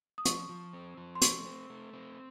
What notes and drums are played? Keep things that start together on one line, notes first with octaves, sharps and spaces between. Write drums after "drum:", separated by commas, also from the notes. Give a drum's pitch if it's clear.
D#6
F3 C#6, drum: hi-hat
F3
C4
F3
C6
A3 C#6, drum: hi-hat
C4
A3
C4